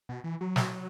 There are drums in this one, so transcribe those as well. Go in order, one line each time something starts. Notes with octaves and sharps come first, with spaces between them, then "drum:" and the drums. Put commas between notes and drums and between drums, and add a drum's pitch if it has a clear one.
B2
E3
F#3
drum: snare